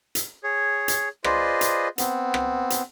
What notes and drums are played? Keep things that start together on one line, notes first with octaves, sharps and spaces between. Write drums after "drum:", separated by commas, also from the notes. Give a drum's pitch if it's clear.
drum: hi-hat
G#4 C#5
drum: hi-hat
F4 G#4 B4 C5 D5 D#5, drum: rim click
drum: hi-hat
B3 C4, drum: hi-hat
drum: rim click
drum: hi-hat